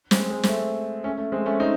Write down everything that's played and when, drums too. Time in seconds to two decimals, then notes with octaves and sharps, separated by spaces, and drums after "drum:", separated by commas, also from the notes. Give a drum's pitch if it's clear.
0.11 G#3 C4, drum: snare
0.30 G#3
0.43 C4, drum: snare
0.48 A3
1.04 A3 C#4
1.18 A3
1.32 G#3 C4
1.46 A3 C#4
1.60 C4 D#4